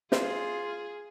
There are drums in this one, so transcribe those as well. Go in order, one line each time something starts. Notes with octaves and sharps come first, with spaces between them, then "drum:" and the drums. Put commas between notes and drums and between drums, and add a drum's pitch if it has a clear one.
F4 G#4, drum: snare